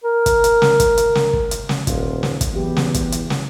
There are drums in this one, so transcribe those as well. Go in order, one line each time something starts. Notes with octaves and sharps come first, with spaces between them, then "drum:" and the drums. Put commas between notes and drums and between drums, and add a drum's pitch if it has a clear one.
A#4
drum: kick, hi-hat
drum: hi-hat
drum: snare
drum: kick, hi-hat
drum: hi-hat
drum: snare
drum: kick
drum: hi-hat
drum: snare
D#1 F4, drum: kick, hi-hat
drum: snare
drum: kick, hi-hat
E2 F#3 E4 G4
drum: snare
drum: kick, hi-hat
drum: hi-hat
drum: snare